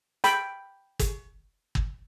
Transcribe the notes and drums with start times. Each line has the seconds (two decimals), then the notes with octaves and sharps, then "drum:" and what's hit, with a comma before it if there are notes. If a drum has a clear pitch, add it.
0.24 G5 B5, drum: hi-hat
0.99 drum: kick, hi-hat
1.75 drum: kick